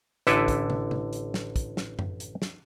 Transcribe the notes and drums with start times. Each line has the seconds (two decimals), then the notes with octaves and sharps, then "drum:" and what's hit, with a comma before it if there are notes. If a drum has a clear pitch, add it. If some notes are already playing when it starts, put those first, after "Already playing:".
0.27 A1 D3 E4 A4 B4 G#5, drum: hi-hat
0.48 drum: kick, hi-hat
0.70 drum: tom
0.91 drum: tom
1.13 drum: hi-hat
1.34 drum: snare
1.56 drum: kick, hi-hat
1.77 drum: snare
1.99 drum: tom F#2
2.20 drum: hi-hat
2.42 drum: snare